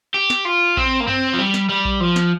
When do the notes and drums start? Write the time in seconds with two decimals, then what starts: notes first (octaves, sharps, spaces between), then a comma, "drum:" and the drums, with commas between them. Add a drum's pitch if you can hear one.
0.14 G4
0.30 drum: snare
0.45 F4
0.77 C4, drum: kick A#1
1.00 A#3
1.07 C4, drum: tom F#2
1.34 F3
1.39 G3
1.54 drum: snare
1.69 G3
1.85 drum: kick A#1
2.00 F3
2.16 drum: snare